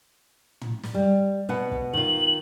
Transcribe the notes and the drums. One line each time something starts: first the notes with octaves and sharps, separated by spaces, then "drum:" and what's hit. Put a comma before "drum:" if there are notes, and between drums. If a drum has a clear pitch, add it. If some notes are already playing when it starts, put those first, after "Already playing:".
drum: tom
drum: snare
G3
B2 B4 F#5
drum: kick
D#3 F4 F#7